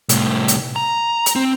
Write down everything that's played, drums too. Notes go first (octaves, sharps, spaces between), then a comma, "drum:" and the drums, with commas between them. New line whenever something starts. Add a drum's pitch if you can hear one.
C2 A2, drum: hi-hat
drum: hi-hat
A#5
drum: hi-hat
C4